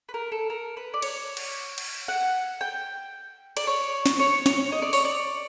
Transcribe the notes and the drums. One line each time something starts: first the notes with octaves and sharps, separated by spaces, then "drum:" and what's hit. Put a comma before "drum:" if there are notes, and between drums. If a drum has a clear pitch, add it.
B4
A#4
A4
A#4
B4
D5
C#5, drum: cymbal
drum: cymbal
drum: cymbal
F#5
G5
D5, drum: cymbal
C#5
drum: snare
C#5
C#5, drum: snare
D#5
D5
C#5, drum: open hi-hat
D5